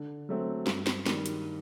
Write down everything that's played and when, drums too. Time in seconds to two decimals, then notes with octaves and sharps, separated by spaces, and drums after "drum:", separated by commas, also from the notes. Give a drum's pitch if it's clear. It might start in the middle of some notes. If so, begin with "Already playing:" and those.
Already playing: D3
0.29 F#3 A3 C4
0.67 G2, drum: snare
0.87 drum: snare
1.06 D#3 G3, drum: snare
1.26 drum: hi-hat